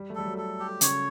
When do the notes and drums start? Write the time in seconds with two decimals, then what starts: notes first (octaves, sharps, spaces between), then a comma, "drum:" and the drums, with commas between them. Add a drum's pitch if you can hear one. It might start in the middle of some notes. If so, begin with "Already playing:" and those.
Already playing: G3
0.10 A3
0.15 G3 A4
0.26 F#3
0.38 A4
0.60 G4
0.81 C#3 C#5, drum: hi-hat